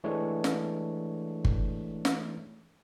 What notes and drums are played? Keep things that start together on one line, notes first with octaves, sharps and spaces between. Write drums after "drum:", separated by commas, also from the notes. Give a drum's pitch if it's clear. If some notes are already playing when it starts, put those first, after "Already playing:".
E3 G#3 A3 D4 C#5
drum: snare
drum: kick G1
drum: snare